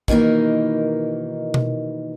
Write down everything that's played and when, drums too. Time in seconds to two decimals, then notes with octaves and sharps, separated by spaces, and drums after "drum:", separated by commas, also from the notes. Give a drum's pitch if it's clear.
0.08 B2 D#3 E3 A#3 D#4, drum: kick
1.54 drum: tom B2